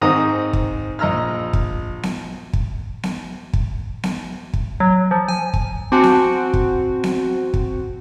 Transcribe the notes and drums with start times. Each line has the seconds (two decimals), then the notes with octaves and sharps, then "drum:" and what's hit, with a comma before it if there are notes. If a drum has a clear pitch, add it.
0.02 G#2 D#3 C4 D#5 A#5 D#6
0.53 drum: kick
0.99 A#1 D#5 A#5 E6 F6
1.53 drum: kick
2.03 drum: snare B3
2.53 drum: kick
3.03 drum: snare B3
3.53 drum: kick
4.03 drum: snare B3
4.53 drum: kick
4.80 F#3
5.11 F3
5.28 G#5
5.54 drum: kick
5.92 C4 F#4 G#5 A5 D6
6.04 drum: snare B3
6.54 drum: kick
7.04 drum: snare B3
7.54 drum: kick